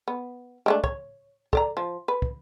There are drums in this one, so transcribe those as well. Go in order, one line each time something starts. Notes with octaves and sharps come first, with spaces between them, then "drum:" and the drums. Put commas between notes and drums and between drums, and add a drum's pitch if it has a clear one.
B3
G#3 A3 D4
C#5, drum: kick
A4 D5 A#5, drum: kick
F3
B4
drum: kick